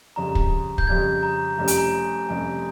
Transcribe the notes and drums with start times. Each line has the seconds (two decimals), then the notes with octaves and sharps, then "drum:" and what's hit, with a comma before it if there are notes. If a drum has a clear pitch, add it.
0.16 F2 C#3 G3 A#5
0.35 drum: kick
0.78 G6, drum: kick
0.87 F2 C#3 G3 G#6
1.23 A#5
1.58 F1 F2 C3 G3 C#4 A#5
1.68 G#5, drum: hi-hat
1.78 A#5
2.29 F1 F2 C3 G3 C#4 G#5